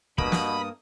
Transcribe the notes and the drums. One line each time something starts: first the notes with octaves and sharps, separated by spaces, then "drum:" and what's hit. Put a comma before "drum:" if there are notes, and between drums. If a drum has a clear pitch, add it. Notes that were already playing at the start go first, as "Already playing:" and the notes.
G2 B2 A#3 B5 D#6, drum: kick
drum: snare